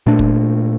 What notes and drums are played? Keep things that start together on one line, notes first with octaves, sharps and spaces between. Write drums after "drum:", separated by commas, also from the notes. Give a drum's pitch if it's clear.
A#2 A3 D4
drum: kick